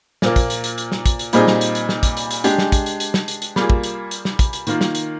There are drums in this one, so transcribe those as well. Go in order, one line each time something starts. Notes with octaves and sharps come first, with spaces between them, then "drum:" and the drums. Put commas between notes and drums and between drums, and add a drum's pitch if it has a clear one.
A#2 F3 A#3, drum: snare
drum: kick, hi-hat
drum: hi-hat
drum: hi-hat
drum: hi-hat
drum: snare
drum: kick, hi-hat
drum: hi-hat
A#2 G3 C4 D#4 G#4, drum: hi-hat
drum: snare
drum: hi-hat
drum: hi-hat
drum: snare
drum: kick, hi-hat
drum: hi-hat
drum: hi-hat
G#3 D4 G4, drum: hi-hat
drum: snare
drum: kick, hi-hat
drum: hi-hat
drum: hi-hat
drum: snare
drum: hi-hat
drum: hi-hat
G3 A#3 F4 G#4, drum: snare
drum: kick
drum: hi-hat
drum: hi-hat
drum: snare
drum: kick, hi-hat
drum: hi-hat
D#3 A#3 F4, drum: hi-hat
drum: snare
drum: hi-hat